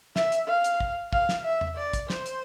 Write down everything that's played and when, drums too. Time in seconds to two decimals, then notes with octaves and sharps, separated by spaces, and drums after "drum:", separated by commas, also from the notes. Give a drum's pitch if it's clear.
0.16 E5, drum: snare
0.32 drum: hi-hat
0.48 F5
0.64 drum: hi-hat
0.80 drum: kick
1.13 F5, drum: kick
1.29 drum: snare
1.45 E5
1.61 drum: tom E2
1.77 D5
1.93 drum: kick, hi-hat
2.10 C5, drum: snare
2.26 drum: hi-hat